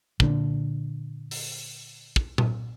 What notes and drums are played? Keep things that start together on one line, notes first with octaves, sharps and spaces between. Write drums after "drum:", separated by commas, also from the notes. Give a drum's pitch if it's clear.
A#2 D3 A#3 D4, drum: kick
drum: open hi-hat
drum: kick
drum: tom A#2